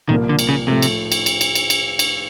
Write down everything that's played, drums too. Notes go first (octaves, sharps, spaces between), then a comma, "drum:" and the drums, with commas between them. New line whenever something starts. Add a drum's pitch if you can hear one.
C2 A#2 D#3 F3 A#3
D3
drum: cymbal
C#3
A2 C3 F3 A3
drum: cymbal
drum: cymbal
drum: cymbal
drum: cymbal
drum: cymbal
drum: cymbal
drum: cymbal